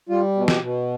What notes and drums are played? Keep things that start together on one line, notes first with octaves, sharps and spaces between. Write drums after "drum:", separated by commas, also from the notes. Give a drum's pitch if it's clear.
G3 F4
B2
G4, drum: snare
B2